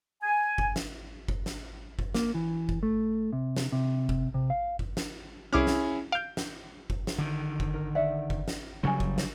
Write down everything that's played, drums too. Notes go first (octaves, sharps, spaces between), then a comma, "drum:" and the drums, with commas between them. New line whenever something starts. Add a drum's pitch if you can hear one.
G#5
drum: kick F#1
drum: snare
drum: kick F#1
drum: snare
drum: kick F#1
A#3, drum: snare
E3
drum: kick F#1
A3
C3
drum: snare
C3
drum: kick F#1
C3
F5
drum: kick F#1
drum: snare
C2 C#4 E4 G#4 D6 F6
drum: snare
F5 G6 D7
drum: snare
drum: kick F#1
drum: snare
D3 D#3
drum: kick F#1
A#4
D5 E5 F#5
drum: kick F#1
drum: snare
C#3 F#3 G3 F#4 G#5
drum: kick F#1
drum: snare